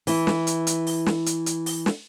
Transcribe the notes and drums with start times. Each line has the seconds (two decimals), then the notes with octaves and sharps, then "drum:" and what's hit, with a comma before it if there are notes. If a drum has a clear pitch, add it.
0.07 E3 E4, drum: open hi-hat
0.27 drum: snare
0.47 drum: hi-hat
0.67 drum: hi-hat
0.87 drum: open hi-hat
1.06 drum: snare
1.26 drum: hi-hat
1.46 drum: hi-hat
1.66 drum: open hi-hat
1.86 drum: snare